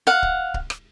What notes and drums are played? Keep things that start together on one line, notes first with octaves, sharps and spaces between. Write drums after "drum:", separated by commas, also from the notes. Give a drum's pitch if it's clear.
F5 F#5
drum: kick C#1
drum: kick C#1
drum: rim click